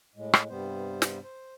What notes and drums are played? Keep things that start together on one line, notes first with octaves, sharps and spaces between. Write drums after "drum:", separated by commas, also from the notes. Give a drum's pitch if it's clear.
A2 G#3
drum: rim click
G2 C3 G3 B3 C5
drum: snare
C5